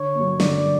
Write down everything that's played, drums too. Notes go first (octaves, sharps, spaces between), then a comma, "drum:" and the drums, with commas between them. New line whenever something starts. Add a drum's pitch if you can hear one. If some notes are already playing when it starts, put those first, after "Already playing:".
Already playing: D3 C#5
F#3 A#3
D3 D5, drum: snare
F#3